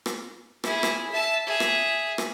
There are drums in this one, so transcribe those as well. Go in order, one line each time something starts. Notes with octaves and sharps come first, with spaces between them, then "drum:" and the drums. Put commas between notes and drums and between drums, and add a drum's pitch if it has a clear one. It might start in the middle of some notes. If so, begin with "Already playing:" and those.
drum: rim click
E4 G#4, drum: rim click
drum: rim click
E5 A5
G#4 E5
drum: rim click
drum: rim click